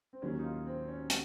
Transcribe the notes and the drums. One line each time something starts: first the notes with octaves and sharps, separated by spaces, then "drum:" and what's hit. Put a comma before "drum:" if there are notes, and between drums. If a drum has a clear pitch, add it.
C4
D#2 D#3 F#3 C#4
D#4
F4
C4
C#4
drum: hi-hat